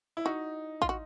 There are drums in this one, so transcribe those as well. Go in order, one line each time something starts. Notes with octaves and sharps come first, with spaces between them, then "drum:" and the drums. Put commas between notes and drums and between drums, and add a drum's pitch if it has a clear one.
E4
D#4 F#4
F4, drum: kick A1
F#4